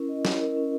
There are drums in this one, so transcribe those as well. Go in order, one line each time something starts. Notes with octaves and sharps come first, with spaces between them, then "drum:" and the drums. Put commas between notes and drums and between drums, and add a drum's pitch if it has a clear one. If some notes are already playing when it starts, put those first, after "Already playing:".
Already playing: C#4 E4 A#4
D#5
E4, drum: snare
A#4
C#4